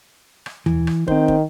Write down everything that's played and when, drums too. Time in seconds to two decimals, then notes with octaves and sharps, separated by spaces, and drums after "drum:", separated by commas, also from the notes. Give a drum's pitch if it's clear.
0.46 drum: rim click
0.66 E3, drum: tom D#2
0.87 drum: rim click
1.08 D#3 C4 C5, drum: kick
1.28 drum: kick